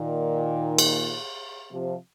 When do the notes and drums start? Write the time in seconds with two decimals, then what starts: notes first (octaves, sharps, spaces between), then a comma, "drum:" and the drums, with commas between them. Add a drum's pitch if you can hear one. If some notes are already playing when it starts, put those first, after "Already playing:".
Already playing: A#2 D#3
0.78 drum: cymbal
1.71 C3 F3